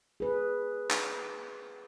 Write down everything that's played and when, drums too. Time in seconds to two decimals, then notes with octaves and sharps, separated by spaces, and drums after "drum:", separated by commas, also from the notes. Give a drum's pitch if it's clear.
0.20 G#4 B4
0.91 drum: clap